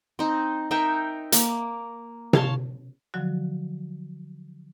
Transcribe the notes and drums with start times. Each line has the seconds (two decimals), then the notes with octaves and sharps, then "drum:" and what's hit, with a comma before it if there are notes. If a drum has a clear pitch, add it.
0.19 C4 D#4
0.71 D#4 A#4 E5 G5
1.32 A#3 D6, drum: hi-hat
2.33 C#5 F5 A5 C6, drum: tom C3
3.14 D3 F3 F#3 F#4